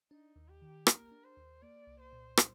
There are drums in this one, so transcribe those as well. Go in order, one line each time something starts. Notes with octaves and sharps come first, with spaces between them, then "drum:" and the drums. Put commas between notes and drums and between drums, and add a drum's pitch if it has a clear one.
D4 D#4
D#2
G4
D#3
A#3 A#4, drum: rim click
D4
C5
D#2
A#3 D5
C2
C5
A#2
G3, drum: rim click